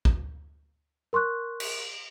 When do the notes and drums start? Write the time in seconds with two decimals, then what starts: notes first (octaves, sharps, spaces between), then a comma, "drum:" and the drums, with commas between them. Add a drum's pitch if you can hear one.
0.05 drum: kick
1.13 A#4 C6 C#6 F#6
1.60 drum: cymbal